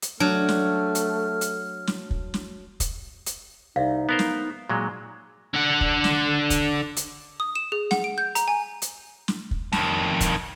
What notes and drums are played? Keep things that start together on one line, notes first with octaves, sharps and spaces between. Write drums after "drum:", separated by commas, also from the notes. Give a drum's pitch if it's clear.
drum: hi-hat
F#3 A3 D4 F6
drum: snare
drum: hi-hat
drum: hi-hat
drum: snare
drum: kick
drum: snare
drum: kick, hi-hat
drum: hi-hat
C2 D#4 E5 F5
B3 A#4 C5
drum: snare
A#2 F#3 G#3 A#5
D3 F#5
drum: kick
drum: snare
drum: kick, hi-hat
drum: hi-hat
D#6
E7
G#4
F#5, drum: snare
D7
G6
A#5, drum: hi-hat
G#5
drum: hi-hat
drum: snare
drum: kick
F2 D#3, drum: snare
drum: kick, hi-hat